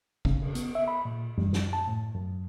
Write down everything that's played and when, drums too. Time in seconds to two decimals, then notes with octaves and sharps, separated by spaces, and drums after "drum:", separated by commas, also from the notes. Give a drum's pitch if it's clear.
0.25 C#3, drum: kick
0.42 drum: cymbal
0.55 B3, drum: hi-hat
0.75 E5
0.88 B5
1.05 A#2
1.38 G3, drum: tom F#2
1.53 drum: snare
1.73 A5
1.88 A2
2.15 F#2